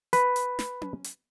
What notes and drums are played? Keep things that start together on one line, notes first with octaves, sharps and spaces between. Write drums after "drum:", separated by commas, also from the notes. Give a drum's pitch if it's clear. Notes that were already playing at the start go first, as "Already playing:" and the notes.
B4, drum: hi-hat
drum: hi-hat
drum: snare
drum: tom C#4
drum: hi-hat